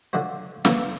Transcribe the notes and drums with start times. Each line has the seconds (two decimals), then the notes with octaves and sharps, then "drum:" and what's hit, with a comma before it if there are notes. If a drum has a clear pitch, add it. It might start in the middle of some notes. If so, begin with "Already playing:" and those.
0.13 D3 F3 F#3 D4 F#4 C5
0.65 D3 E3 F3 A#3 C#4, drum: snare